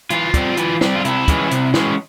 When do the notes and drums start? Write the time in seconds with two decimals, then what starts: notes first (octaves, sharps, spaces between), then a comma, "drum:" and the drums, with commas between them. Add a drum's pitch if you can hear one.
0.10 E3 F4, drum: hi-hat
0.34 G3 C4, drum: kick, hi-hat
0.57 E3, drum: hi-hat
0.81 G3 C4, drum: snare
0.95 F4
1.05 C3 E4, drum: hi-hat
1.28 E3 G#3 C#4, drum: kick, hi-hat
1.51 C3, drum: hi-hat
1.74 E3 G#3 C#4, drum: snare